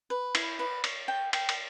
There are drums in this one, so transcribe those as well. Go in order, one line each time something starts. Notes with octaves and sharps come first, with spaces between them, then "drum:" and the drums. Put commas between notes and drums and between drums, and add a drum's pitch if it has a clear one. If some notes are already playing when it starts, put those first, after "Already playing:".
B4
E4, drum: cymbal
B4
C#5, drum: cymbal
G5
G5, drum: cymbal
drum: cymbal